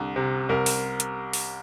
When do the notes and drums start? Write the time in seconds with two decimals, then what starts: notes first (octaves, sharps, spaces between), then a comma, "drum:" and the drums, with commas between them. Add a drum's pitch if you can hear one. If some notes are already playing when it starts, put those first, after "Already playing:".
Already playing: C2 D3
0.16 C3
0.49 C2 A#4
0.66 drum: open hi-hat
1.00 drum: hi-hat
1.33 drum: open hi-hat